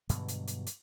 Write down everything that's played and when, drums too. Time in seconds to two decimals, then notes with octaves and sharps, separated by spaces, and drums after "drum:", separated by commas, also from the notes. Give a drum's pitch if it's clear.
0.09 G2 B2 D3 F#3, drum: hi-hat
0.29 drum: hi-hat
0.48 drum: hi-hat
0.67 drum: hi-hat